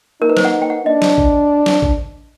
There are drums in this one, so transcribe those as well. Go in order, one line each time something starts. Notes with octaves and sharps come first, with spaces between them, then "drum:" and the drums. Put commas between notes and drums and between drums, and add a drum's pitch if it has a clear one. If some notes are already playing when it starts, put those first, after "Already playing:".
D#4 A#4
B4
C5, drum: snare
F#5
G5
F#5
D4 D#5
drum: snare
drum: kick
drum: snare
drum: kick